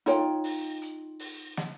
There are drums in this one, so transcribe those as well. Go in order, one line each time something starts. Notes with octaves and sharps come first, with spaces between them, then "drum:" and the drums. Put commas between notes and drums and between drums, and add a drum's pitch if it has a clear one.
D#4 F4 C#5 G5, drum: hi-hat
drum: open hi-hat
drum: hi-hat
drum: open hi-hat
drum: snare